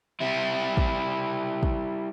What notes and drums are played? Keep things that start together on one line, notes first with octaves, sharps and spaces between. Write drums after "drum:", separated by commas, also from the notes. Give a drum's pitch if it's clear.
G3 E4
drum: kick
drum: kick